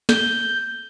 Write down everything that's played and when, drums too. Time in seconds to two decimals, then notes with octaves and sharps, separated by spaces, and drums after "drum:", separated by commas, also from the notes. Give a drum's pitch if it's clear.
0.09 G6, drum: snare